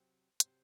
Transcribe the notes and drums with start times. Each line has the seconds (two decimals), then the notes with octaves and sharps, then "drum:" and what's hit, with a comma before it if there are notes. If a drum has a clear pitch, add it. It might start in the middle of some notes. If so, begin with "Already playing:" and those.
Already playing: C3 F#3 C4 C5
0.40 C3 F#3 C4 C5, drum: hi-hat